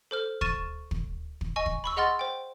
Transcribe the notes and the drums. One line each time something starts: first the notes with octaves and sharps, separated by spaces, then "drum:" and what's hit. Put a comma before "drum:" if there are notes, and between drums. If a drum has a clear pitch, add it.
A4 C5 F6
C#6 F6 A6 D#7 E7, drum: kick
drum: kick
drum: kick
D#5 G#5 C#6
drum: kick
B5 C#6 E6
G#4 D#5 F#5 C6 F6 A6
C5 G5